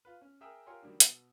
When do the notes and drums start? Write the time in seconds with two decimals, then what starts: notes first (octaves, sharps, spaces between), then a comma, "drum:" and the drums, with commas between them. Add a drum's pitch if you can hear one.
0.05 F4 B4
0.21 C#4
0.41 G#4 A#4 E5 G5 D#6 E6
0.67 F4 G4 A#4 C#5 G#5 C6
0.83 D#3 F#3 G3 A#3 D4
1.00 B2, drum: hi-hat